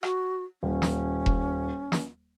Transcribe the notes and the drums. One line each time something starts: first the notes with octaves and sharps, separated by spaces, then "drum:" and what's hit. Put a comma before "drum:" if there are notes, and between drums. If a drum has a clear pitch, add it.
F#4, drum: rim click
D#1 C#4
drum: snare
drum: kick E1
drum: snare